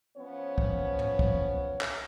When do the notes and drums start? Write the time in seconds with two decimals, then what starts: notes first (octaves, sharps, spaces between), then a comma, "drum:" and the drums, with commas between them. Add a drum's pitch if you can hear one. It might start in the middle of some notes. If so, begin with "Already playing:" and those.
0.17 F3 B3 C#4 C#5
0.58 drum: kick
0.99 drum: tom
1.19 drum: kick
1.81 drum: clap